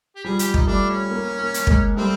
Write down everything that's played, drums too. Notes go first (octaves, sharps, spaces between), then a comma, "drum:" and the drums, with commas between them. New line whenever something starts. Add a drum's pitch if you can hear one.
G4
F3 G3 G#4
G4, drum: hi-hat
D#4, drum: kick
G3 A3 D4
C#4
A#3
A#3
drum: hi-hat
G#3 A#3, drum: kick
G3 A3 C4